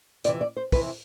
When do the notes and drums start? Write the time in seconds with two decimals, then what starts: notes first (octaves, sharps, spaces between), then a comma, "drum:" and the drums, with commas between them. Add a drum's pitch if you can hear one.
0.24 F2 C3 E3 D5, drum: hi-hat
0.41 D5
0.56 C5
0.72 F2 C3 E3 B4, drum: kick, open hi-hat